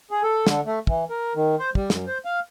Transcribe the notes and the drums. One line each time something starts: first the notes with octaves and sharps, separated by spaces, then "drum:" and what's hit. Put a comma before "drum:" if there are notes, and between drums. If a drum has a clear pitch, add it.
G#4
A4
D3, drum: snare
A3
E3, drum: kick
A#4
D#3
C5
G3, drum: kick
F#2, drum: snare
C5
F5